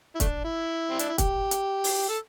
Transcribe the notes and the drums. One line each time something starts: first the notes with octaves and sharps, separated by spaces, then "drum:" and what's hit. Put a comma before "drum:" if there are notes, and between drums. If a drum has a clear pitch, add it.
E4
A3 D4, drum: kick, hi-hat
E4
C4
D4, drum: hi-hat
E4
G4, drum: kick, hi-hat
drum: hi-hat
drum: open hi-hat
A4